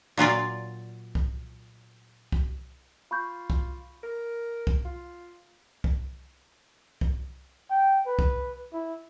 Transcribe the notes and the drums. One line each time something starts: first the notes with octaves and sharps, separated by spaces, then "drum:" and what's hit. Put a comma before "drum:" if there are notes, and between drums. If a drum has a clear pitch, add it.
A#2 F#3 F4 D5
drum: kick C2
drum: kick C2
F4 B5 C#6 G6
drum: kick C2
A#4
drum: kick C2
F4
drum: kick C2
drum: kick C2
G5
B4
drum: kick C2
E4